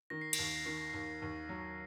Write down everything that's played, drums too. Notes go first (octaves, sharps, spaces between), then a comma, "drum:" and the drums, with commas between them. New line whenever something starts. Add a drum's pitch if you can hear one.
D#3 A#6
C7
A#6, drum: cymbal
D#2
C7
A#6
D#3 C7
A#6
D#2 C7
A#6
D#2
F#3